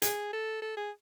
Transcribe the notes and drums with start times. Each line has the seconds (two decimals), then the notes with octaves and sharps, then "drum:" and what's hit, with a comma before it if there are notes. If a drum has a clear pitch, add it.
0.02 G#4, drum: hi-hat
0.33 A4
0.62 A4
0.77 G#4